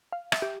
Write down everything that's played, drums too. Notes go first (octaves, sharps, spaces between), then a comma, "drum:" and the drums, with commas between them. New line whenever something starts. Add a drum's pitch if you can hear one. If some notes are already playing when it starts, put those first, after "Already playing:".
F5
E5, drum: rim click
G4